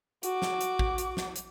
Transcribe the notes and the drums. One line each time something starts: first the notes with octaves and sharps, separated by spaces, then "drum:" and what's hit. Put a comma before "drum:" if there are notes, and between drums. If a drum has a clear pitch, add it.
F#4 D6, drum: hi-hat
drum: snare
drum: hi-hat
drum: kick A1
drum: hi-hat
drum: snare
drum: hi-hat